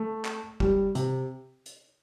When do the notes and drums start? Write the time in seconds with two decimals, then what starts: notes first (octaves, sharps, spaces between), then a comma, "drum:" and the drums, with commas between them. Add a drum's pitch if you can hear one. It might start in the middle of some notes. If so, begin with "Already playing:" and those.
Already playing: A3
0.25 drum: clap
0.60 G3, drum: kick
0.95 C3, drum: hi-hat
1.66 drum: hi-hat